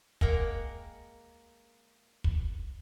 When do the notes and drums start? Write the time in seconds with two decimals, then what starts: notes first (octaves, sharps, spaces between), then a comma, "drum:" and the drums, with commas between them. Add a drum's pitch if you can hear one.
0.21 G#3 A#3 A#4 F#5 G5, drum: kick
2.24 drum: kick